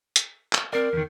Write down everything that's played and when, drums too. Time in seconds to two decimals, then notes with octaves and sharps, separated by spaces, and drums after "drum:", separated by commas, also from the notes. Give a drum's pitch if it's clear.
0.16 drum: hi-hat
0.53 drum: clap
0.73 C4 A#4 D5
0.93 E2 D#3